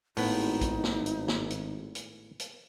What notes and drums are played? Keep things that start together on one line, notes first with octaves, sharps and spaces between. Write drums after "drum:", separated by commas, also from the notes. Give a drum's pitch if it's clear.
G#1 A2 B3 D#4, drum: open hi-hat
drum: kick A#1, hi-hat
drum: snare
drum: hi-hat
drum: snare
drum: hi-hat
drum: hi-hat
drum: hi-hat